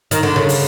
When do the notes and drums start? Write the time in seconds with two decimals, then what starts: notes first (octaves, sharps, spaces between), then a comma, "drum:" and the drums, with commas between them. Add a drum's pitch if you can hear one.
0.11 D#3, drum: hi-hat
0.23 D3
0.36 C#3
0.49 drum: open hi-hat